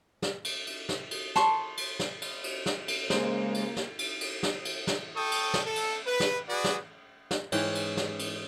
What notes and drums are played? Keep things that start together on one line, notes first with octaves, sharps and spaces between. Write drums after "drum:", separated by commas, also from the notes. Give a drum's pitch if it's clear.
drum: snare
drum: cymbal
drum: cymbal
drum: snare
drum: cymbal
A5 C6 C#6, drum: snare
drum: cymbal
drum: snare
drum: cymbal
drum: cymbal
drum: snare
drum: cymbal
C#3 G#3 A#3 C5, drum: snare
drum: cymbal
drum: snare
drum: cymbal
drum: cymbal
drum: snare
drum: cymbal
drum: snare
A4 G5 C#6 D#6
drum: cymbal
drum: snare
A4
drum: cymbal
B4
drum: snare
F#4 G#4 B4 D5
drum: snare
drum: snare
G#2 E3 C#4 G5, drum: cymbal
drum: cymbal
drum: snare
drum: cymbal